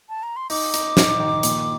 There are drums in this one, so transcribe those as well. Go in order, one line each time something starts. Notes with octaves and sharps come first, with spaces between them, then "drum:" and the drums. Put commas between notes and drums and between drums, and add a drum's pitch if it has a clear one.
A5
A#5
C6
D#4 D6, drum: open hi-hat
D#4, drum: hi-hat
D#4, drum: snare
D#3
A#2, drum: hi-hat